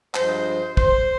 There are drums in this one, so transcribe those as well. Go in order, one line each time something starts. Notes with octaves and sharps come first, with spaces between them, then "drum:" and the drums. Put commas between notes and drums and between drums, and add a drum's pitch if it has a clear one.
G2 F3 G#3 C5, drum: clap
C5, drum: kick